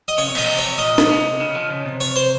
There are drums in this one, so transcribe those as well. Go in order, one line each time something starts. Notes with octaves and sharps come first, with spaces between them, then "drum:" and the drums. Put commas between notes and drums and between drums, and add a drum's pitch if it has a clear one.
D#5
C#3 C#5
C3
A#2 D#5, drum: cymbal
C3
C#5
A#2 D#5
drum: snare
C3
C#3
F3
C#3
C3
C#5
C5